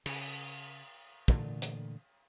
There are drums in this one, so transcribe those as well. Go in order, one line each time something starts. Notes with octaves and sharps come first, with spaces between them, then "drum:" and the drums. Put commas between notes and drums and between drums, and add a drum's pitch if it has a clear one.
C#3, drum: cymbal
A#2 D3 E3 A3, drum: kick
drum: hi-hat